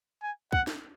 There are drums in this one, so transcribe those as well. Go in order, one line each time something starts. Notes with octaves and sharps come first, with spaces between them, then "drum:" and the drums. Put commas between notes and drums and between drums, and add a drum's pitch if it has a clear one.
G#5
F#5, drum: kick
drum: snare